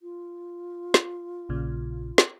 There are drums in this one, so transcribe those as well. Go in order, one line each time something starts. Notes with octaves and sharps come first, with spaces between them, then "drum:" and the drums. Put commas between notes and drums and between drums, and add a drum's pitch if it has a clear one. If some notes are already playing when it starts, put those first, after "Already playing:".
F4
drum: snare
A#1 A#2 C#3
drum: snare